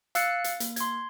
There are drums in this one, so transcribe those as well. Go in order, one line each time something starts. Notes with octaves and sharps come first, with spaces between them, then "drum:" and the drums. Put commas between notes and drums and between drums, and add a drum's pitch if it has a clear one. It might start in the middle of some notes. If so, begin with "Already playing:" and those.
F5 E6 F#6 A6 C#7, drum: hi-hat
drum: hi-hat
A#3, drum: hi-hat
C6 G#6, drum: hi-hat